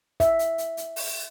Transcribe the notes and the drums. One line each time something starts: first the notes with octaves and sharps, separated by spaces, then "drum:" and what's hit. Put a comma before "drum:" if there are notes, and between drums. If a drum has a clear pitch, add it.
E5, drum: kick, hi-hat
drum: hi-hat
drum: hi-hat
drum: hi-hat
drum: open hi-hat